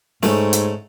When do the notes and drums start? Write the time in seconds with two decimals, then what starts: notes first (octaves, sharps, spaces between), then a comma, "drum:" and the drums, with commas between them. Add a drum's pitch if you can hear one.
0.23 G#2 A3 C#4, drum: snare
0.53 drum: hi-hat